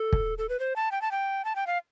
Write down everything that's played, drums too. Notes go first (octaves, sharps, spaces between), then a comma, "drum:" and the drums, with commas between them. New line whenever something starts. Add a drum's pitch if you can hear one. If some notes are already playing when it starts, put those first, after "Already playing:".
Already playing: A4
drum: kick
A4
B4
C5
A5
G5
A5
G5
A5
G5
F5